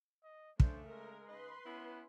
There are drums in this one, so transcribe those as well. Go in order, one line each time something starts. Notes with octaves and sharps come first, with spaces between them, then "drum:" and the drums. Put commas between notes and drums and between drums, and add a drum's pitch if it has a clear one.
D#5
C#3 A3 D4 C5, drum: kick
G#3 A#4
C#3 D#4 B4 D#5 C6
B3 C#4 E4